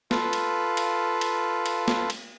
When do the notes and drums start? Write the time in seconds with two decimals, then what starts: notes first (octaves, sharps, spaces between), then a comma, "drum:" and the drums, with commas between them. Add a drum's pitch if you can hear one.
0.11 F4 A4 B4 F5, drum: snare
0.33 drum: cymbal
0.77 drum: cymbal
1.21 drum: cymbal
1.66 drum: cymbal
1.88 drum: snare
2.10 drum: cymbal